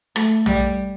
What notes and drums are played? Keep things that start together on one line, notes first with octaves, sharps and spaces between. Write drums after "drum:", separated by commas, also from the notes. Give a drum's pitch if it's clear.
A3, drum: rim click
G3, drum: tom A#1